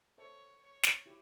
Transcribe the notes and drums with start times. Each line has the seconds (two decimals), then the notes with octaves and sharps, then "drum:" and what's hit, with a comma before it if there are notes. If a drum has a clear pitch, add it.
0.18 A4 C5 C#5 E5 A5 C#6
0.62 C#5
0.83 drum: snare
1.06 E4 G4